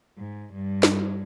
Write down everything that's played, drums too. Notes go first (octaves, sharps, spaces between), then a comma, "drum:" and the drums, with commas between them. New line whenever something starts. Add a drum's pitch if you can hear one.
G#2
G2
drum: snare